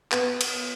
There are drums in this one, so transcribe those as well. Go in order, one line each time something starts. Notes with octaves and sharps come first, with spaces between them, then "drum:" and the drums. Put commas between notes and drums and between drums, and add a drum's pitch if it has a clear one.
B3, drum: clap
drum: cymbal